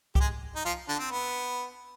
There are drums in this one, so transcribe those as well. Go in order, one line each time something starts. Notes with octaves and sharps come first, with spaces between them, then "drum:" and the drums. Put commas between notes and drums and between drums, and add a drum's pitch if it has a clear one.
G4, drum: kick C2
G#3 G#4
D#4
F3 F4
D3 D4
C4
B3